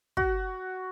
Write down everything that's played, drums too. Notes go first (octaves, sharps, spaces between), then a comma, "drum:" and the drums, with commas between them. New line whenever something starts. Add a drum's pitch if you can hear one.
F#4, drum: kick